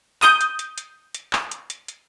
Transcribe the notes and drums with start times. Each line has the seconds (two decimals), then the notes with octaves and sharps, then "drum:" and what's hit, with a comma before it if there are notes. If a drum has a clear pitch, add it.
0.22 D#6 G6, drum: clap
0.41 drum: hi-hat
0.59 drum: hi-hat
0.78 drum: hi-hat
1.15 drum: hi-hat
1.33 drum: clap
1.51 drum: hi-hat
1.70 drum: hi-hat
1.88 drum: hi-hat